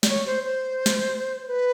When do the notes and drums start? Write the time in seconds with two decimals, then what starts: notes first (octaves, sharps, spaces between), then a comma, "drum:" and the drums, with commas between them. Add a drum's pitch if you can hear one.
0.03 D5, drum: snare
0.09 C#5
0.26 C5
0.44 C5
0.86 drum: snare
1.43 C5
1.48 B4